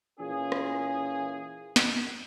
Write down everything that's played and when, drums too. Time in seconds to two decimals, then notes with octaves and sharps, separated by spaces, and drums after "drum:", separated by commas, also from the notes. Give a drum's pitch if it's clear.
0.20 A#2 E3 C#4 F4 G#4
0.52 drum: rim click
1.76 drum: snare